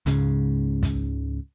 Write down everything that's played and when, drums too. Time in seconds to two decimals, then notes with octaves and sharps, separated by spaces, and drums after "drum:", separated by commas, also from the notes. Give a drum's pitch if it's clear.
0.06 C#2 G#2 C#3, drum: hi-hat
0.83 drum: kick, hi-hat